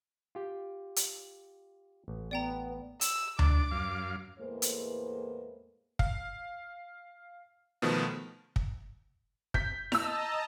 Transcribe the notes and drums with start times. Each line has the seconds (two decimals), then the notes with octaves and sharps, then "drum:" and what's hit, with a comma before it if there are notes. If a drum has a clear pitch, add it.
0.35 F4 G4 G5
0.96 drum: hi-hat
2.08 A1
2.31 B3 D5 G5 A#5
3.01 E6, drum: hi-hat
3.39 D4 D6, drum: tom D2
3.71 F#2 F5
4.39 E2 A2 G#3 A#3 B4 C5
4.62 drum: hi-hat
5.99 F5, drum: kick
7.82 B2 D#3 F3 A3 B3
8.56 drum: kick
9.54 G6 B6, drum: kick
9.92 D#5 A5 A#5 E6 F7, drum: snare E4